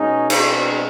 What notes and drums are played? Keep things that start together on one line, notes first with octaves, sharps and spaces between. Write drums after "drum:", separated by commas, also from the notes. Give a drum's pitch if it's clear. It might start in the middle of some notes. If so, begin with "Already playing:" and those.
Already playing: B2 G#3 C#4 D#4
C4 D4, drum: cymbal